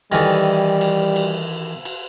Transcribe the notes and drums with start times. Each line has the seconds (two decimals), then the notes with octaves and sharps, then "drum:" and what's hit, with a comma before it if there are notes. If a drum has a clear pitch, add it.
0.12 D#3 E3 G3 A4, drum: cymbal
0.81 drum: cymbal
1.16 drum: cymbal
1.85 drum: cymbal